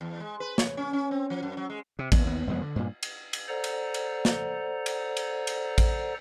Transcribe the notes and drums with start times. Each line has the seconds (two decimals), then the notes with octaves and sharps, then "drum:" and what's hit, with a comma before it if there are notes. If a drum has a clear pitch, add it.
0.01 E2
0.20 G#3
0.40 B4
0.58 C#5, drum: snare
0.77 C#4
0.93 C#4
1.11 C4
1.30 F3
1.43 F#2
1.57 F#3
1.70 G#3
1.99 C3
2.12 G#1 E2 E3 B3, drum: kick A1, cymbal
2.24 D#2 B3
2.47 F1 F2 G#3 B3
2.61 D3
2.76 G2 A#2
3.03 drum: cymbal
3.33 drum: cymbal
3.48 A4 C5 D5 F#5 A#5
3.64 drum: cymbal
3.94 drum: cymbal
4.25 drum: snare
4.86 drum: cymbal
5.17 drum: cymbal
5.47 drum: cymbal
5.78 drum: kick A1, cymbal